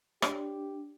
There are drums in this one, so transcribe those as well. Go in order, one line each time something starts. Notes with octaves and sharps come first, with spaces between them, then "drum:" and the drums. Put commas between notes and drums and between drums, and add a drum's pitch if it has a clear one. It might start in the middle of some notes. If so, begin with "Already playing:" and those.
D4 G4 C#5 D5 C6, drum: rim click